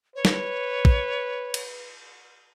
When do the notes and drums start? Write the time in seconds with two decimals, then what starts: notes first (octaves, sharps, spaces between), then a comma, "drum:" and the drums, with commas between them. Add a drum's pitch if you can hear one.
0.15 B4 C#5
0.25 drum: snare
0.85 drum: kick
1.54 drum: cymbal